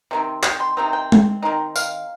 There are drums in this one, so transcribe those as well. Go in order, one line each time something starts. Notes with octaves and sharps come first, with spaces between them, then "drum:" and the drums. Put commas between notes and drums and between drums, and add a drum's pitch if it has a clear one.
C3 D#3 C4
G5, drum: clap
C6
C3 D#3 C4 D#4
G5
drum: tom G#3
D#3 G3 C4 D#4
F5, drum: tambourine